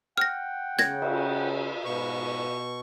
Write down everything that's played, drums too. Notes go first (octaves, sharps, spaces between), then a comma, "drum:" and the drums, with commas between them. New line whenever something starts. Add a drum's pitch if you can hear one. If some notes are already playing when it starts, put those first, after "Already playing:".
F#5 G5 F6 A#6
C#3 C#4 G#6 A#6, drum: snare
drum: cymbal
G#2 B2 B4 C#6